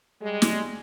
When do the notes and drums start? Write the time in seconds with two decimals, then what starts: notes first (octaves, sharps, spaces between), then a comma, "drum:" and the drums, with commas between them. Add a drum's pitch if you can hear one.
0.22 G3 G#3
0.42 drum: snare